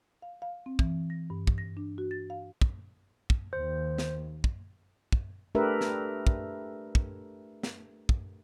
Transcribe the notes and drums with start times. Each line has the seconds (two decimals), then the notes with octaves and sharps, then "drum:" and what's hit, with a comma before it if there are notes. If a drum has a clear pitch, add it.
0.22 F5
0.42 F5
0.66 C4
0.79 E3, drum: kick
1.10 A#6
1.30 G2
1.47 drum: kick
1.58 A#6
1.77 D4
1.98 F#4
2.11 A6
2.30 F5
2.61 drum: kick
3.30 drum: kick
3.53 D#2 C5
3.98 drum: snare
4.44 drum: kick
5.12 drum: kick
5.55 A3 D4 G4 A#4 B4 E5
5.81 drum: snare
6.27 drum: kick
6.95 drum: kick
7.63 drum: snare
8.09 drum: kick